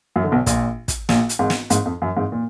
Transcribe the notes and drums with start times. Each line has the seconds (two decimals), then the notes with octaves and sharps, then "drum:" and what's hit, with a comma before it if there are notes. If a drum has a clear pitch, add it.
0.16 F#2 F#3
0.24 D3
0.31 B1 B2
0.46 A#1 A#2, drum: kick, hi-hat
0.88 drum: kick, hi-hat
1.09 A#1 A#2, drum: snare
1.29 drum: hi-hat
1.39 G#1 G#2
1.50 drum: snare
1.70 G#1 G#2, drum: hi-hat
1.86 F2
2.02 F#2
2.17 G#1 G#2
2.32 A#2